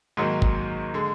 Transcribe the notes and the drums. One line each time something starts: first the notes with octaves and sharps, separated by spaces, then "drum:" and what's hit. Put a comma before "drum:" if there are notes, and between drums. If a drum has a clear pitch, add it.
G#2 D#3 F#3 A#3
drum: kick
D3 G#3